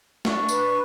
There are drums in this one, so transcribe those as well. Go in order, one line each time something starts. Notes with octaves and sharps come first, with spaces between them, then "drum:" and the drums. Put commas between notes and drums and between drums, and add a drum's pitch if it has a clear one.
D4 C#6, drum: snare A3
B4, drum: tambourine